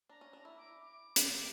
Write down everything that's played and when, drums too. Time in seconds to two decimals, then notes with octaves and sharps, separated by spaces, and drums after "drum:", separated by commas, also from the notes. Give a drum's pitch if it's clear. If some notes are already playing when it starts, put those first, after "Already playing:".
0.10 D4 A#5
0.21 C#4
0.33 D4
0.45 E4
0.57 D6
0.81 D6
1.16 G4, drum: hi-hat